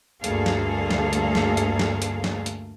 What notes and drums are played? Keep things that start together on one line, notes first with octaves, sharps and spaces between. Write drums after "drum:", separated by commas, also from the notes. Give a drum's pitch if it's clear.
D2 G2 A#3 G#4 A4 F5, drum: hi-hat
drum: snare
drum: snare
drum: hi-hat
drum: snare
drum: hi-hat
drum: snare
drum: hi-hat
drum: snare
drum: hi-hat